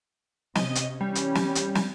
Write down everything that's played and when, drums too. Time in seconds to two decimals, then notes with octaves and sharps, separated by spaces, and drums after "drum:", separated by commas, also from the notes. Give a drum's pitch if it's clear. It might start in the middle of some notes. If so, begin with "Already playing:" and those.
0.55 C3 C#4 D#5, drum: snare
0.75 drum: hi-hat
1.01 E3 G3 C#4
1.15 drum: hi-hat
1.35 drum: snare
1.55 drum: hi-hat
1.75 drum: snare